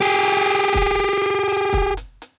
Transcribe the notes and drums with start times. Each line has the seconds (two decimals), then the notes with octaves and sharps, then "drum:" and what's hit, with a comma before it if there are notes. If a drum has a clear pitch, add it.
0.01 G4 G#4
0.25 drum: hi-hat
0.50 drum: open hi-hat
0.74 drum: kick, hi-hat
0.99 drum: hi-hat
1.23 drum: hi-hat
1.48 drum: open hi-hat
1.73 drum: kick, hi-hat
1.97 drum: hi-hat
2.22 drum: hi-hat